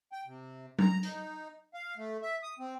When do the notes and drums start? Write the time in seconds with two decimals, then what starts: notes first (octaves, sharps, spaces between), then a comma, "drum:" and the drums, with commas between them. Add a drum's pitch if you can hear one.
0.12 G5
0.26 C3
0.79 A#5, drum: tom F#3
1.03 D#4, drum: hi-hat
1.74 F5
1.97 A3
2.22 E5
2.43 D#6
2.59 C4